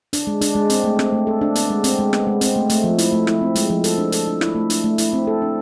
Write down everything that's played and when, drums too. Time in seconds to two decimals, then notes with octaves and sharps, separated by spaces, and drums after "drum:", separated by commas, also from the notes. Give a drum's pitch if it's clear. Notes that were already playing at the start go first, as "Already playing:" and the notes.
0.13 D4, drum: hi-hat
0.27 G#3
0.41 D4, drum: hi-hat
0.55 G#3
0.70 C4, drum: hi-hat
0.84 A3
0.99 C4, drum: rim click
1.12 A3
1.27 A4
1.41 D4
1.55 B3, drum: hi-hat
1.70 G#3
1.84 C4, drum: hi-hat
1.99 G#3
2.13 B3, drum: rim click
2.27 G#3
2.41 C4, drum: hi-hat
2.56 A3
2.70 A3, drum: hi-hat
2.84 F3
2.98 E4, drum: hi-hat
3.12 A3
3.27 E4, drum: rim click
3.41 C4
3.55 G#3, drum: hi-hat
3.70 F3
3.84 A4, drum: hi-hat
3.98 D4
4.12 A4, drum: hi-hat
4.27 D4
4.41 E4, drum: rim click
4.55 A3
4.70 D4, drum: hi-hat
4.84 A3
4.98 E4, drum: hi-hat
5.13 C4
5.27 A4
5.42 D4